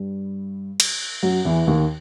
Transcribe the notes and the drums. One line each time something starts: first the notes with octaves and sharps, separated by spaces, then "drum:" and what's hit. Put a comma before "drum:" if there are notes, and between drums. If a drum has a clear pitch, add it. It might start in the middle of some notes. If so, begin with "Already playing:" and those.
Already playing: G2 G3
drum: cymbal
F#2 F#3
E2 E3
D#2 D#3